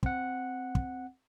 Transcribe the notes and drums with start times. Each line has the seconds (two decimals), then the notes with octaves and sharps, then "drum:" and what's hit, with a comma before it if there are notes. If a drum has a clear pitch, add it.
0.03 C4 F#5, drum: kick
0.75 drum: kick